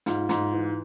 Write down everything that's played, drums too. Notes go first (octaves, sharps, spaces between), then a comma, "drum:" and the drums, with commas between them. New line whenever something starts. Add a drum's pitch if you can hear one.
G#2 F4, drum: hi-hat
G#2, drum: hi-hat
E3